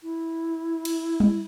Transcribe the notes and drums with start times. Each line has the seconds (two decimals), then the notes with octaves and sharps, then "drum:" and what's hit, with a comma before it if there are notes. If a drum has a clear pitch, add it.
0.03 E4
0.85 drum: cymbal
1.20 drum: tom G3